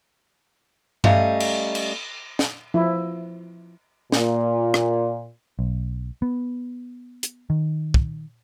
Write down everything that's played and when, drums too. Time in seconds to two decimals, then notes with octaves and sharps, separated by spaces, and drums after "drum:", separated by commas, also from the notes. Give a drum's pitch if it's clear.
1.04 G3 A3 C#4 D#5 F5 A#5, drum: tom G2
1.40 drum: cymbal
1.75 drum: cymbal
2.39 drum: snare
2.74 F3 E4
4.12 A#2, drum: snare
4.74 drum: rim click
5.59 B1
6.22 B3
7.23 drum: hi-hat
7.50 D#3
7.94 drum: kick